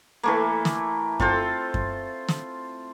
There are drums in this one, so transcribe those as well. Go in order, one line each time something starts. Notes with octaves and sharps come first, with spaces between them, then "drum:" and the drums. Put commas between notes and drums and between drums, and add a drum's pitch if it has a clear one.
E3 A3 A#3
drum: snare
C4 F4 A4 C5, drum: kick F#2
drum: kick F#2
drum: snare